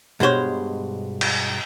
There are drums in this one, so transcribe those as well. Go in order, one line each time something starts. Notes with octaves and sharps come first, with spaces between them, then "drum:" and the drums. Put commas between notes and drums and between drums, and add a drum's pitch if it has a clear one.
G2 B2 G#3 C5 C#5
drum: cymbal